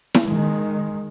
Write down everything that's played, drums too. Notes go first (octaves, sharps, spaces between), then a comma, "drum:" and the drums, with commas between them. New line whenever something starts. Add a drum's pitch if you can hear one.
drum: snare E4
D#3 G#3